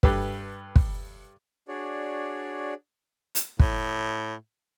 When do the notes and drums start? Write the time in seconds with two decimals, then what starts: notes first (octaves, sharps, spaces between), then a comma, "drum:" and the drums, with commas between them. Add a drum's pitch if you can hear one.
0.03 G2 G4 A4 B4, drum: kick
0.76 drum: kick
1.68 D4 F#4 G#4 C#5 D5
3.35 drum: hi-hat
3.59 A2, drum: kick